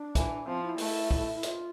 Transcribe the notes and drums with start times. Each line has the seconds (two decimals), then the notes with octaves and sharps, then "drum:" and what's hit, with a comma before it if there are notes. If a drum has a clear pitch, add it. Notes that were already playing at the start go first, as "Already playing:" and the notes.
Already playing: D4
0.15 E3, drum: kick, hi-hat
0.47 F3 C4
0.63 E4
0.78 A3, drum: open hi-hat
1.11 drum: kick
1.34 E4
1.43 F4, drum: hi-hat